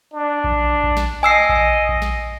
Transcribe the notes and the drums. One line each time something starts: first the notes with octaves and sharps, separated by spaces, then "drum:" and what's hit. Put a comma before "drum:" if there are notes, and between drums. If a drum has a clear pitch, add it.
D4
drum: kick A#1
drum: kick A#1
drum: snare
D#5 G#5 E6 C7
drum: kick A#1
drum: kick A#1
drum: snare